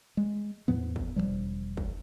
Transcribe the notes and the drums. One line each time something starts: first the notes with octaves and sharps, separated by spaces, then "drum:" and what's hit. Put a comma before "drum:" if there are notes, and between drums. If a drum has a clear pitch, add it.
G#3
E2 A2 F3 B3
drum: kick
E1 D2 F3 G3
drum: kick